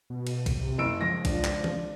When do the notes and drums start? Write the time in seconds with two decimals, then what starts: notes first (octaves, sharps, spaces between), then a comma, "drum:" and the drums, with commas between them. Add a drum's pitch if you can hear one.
0.10 B2
0.27 drum: cymbal
0.46 drum: kick A#1, cymbal
0.60 C3
0.78 F#1 E6 D7
1.01 C#3 F3 G#3 A#6
1.25 D4, drum: kick A#1, cymbal
1.44 drum: clap
1.64 drum: tom D#3